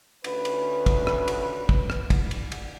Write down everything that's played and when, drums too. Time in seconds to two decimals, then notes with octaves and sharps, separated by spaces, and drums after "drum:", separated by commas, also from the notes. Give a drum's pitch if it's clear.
0.24 D2 C#4 B4, drum: cymbal
0.45 drum: cymbal
0.86 drum: kick, cymbal
1.07 drum: rim click
1.28 drum: cymbal
1.69 drum: kick
1.90 drum: rim click
2.10 drum: kick, cymbal
2.31 drum: cymbal
2.52 drum: cymbal